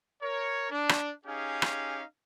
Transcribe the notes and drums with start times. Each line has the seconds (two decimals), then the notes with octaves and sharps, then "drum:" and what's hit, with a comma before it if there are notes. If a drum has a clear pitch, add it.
0.23 A#4 C#5
0.70 D4
0.89 drum: rim click
1.26 C#4 D#4 G4 G#4 F5
1.62 drum: rim click